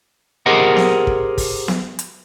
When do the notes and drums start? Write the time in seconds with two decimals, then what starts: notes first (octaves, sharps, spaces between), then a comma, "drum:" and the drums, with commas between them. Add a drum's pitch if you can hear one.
0.46 G4 G#4 A#4 C5 D#5 F#5
0.77 drum: snare B3
1.07 drum: kick
1.38 drum: kick, open hi-hat
1.68 drum: snare B3
1.99 drum: hi-hat